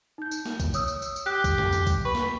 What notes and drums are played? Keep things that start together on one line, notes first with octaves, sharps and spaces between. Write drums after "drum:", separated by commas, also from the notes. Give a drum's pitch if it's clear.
D#4 G6
drum: tambourine
drum: snare
drum: kick A#1, tambourine
C#5 D#6 E6, drum: tambourine
drum: tambourine
drum: tambourine
drum: tambourine
G4 F#6
drum: kick A#1, tambourine
drum: tom F2
drum: tambourine
drum: kick A#1, tambourine
B4 C#6
drum: snare